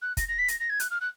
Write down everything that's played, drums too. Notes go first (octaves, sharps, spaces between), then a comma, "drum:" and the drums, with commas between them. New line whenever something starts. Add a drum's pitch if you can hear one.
F#6
A#6, drum: kick, hi-hat
A#6
B6
A#6, drum: hi-hat
A#6
G#6
F#6, drum: hi-hat
F6
F#6